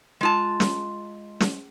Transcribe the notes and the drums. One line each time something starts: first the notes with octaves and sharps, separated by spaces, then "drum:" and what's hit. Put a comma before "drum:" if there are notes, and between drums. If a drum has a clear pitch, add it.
G#3 F4 A5
drum: snare
drum: snare